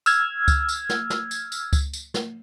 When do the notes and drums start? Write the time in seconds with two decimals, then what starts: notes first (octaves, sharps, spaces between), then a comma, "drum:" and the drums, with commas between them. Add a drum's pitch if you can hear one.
0.06 E6 F6 G#6, drum: tambourine
0.48 drum: kick C#2, tambourine
0.69 drum: tambourine
0.89 drum: snare
1.10 drum: snare
1.31 drum: tambourine
1.52 drum: tambourine
1.73 drum: kick C#2, tambourine
1.93 drum: tambourine
2.14 drum: snare